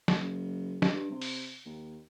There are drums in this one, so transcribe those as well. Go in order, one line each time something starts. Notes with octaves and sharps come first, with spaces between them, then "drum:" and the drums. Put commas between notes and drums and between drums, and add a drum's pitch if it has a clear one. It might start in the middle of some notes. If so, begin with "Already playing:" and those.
F#1, drum: snare
drum: snare
G2
C3
drum: open hi-hat
D#2